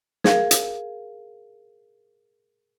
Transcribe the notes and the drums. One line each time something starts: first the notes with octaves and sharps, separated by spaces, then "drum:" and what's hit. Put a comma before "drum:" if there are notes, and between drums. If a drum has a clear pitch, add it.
G#4 A#4 F5, drum: snare
drum: hi-hat